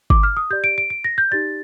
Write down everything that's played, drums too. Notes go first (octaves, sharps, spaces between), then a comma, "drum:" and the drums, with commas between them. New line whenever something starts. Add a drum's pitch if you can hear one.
D6, drum: kick
F6
D#6
G4 D5 G6
D7
D7
D7
A#6
G6
D#4 G4 D5 A6